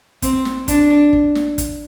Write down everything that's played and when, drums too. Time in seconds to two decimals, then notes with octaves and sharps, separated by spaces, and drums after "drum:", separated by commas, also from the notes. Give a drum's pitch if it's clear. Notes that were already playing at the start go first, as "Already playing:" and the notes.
0.22 C4, drum: kick, hi-hat
0.45 drum: snare
0.68 D4, drum: kick, hi-hat
1.13 drum: kick
1.35 drum: snare
1.58 drum: kick, hi-hat